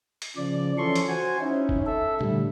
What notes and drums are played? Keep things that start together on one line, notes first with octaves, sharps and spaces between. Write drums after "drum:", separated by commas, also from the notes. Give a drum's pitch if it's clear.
drum: hi-hat
C#3 F3 D5
E3 F3 C#4 A4 C6 C#6
drum: hi-hat
F#4 C5 G#5
C#4 D#4 E4
drum: kick F1
A4 E5
A2 D3 G3, drum: tom A#2